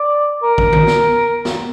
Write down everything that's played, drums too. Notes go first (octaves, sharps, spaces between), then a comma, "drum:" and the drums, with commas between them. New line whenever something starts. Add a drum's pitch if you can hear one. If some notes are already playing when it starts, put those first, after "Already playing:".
Already playing: D5
A#4
drum: kick A#1
drum: tom D3
drum: snare
drum: snare